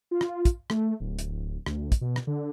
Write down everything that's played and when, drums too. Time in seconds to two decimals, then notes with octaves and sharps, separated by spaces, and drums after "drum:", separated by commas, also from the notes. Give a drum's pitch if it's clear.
0.11 F4
0.21 drum: rim click
0.45 drum: kick, hi-hat
0.70 A3, drum: rim click
1.00 D1
1.19 drum: hi-hat
1.66 D2, drum: rim click
1.92 drum: kick, hi-hat
2.01 B2
2.16 drum: rim click
2.27 D3